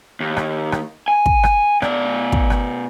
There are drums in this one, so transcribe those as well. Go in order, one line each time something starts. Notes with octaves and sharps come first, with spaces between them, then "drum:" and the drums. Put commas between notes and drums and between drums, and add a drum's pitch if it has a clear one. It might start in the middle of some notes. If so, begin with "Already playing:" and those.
D#2
drum: rim click
drum: rim click
G#5
drum: kick
drum: rim click
B2 D5, drum: rim click
drum: kick
drum: rim click